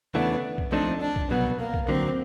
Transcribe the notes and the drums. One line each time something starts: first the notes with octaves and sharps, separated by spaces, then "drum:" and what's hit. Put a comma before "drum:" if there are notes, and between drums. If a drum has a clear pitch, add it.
E2 C#3 E3 A3 B3 D4
drum: kick
F3 A3 C4 D4 D#4
D4
drum: kick
C2 B2 F#3 B3
A#3
drum: kick
D3 F#3 A#3 C4